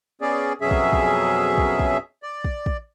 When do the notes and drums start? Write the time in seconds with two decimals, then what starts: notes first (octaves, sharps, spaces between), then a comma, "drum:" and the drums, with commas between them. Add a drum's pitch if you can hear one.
0.21 B3 C#4 G#4 D5
0.61 F2 B2 F#3 C#4 G#4 E5
0.71 drum: kick
0.93 drum: kick
1.58 drum: kick
1.79 drum: kick
2.23 D5
2.44 drum: kick
2.66 drum: kick